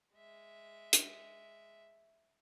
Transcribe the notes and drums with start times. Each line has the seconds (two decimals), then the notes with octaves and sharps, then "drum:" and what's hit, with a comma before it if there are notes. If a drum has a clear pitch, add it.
0.15 G#3 E5
0.93 drum: hi-hat